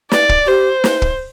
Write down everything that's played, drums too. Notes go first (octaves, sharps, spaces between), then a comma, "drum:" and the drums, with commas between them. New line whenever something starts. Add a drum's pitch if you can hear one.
D5, drum: snare
drum: kick
G4 C5
drum: snare
drum: kick